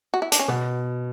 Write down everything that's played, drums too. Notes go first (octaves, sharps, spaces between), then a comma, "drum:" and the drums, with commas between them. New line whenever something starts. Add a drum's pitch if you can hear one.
F#4
E4
D4, drum: hi-hat
C#4
B2 B3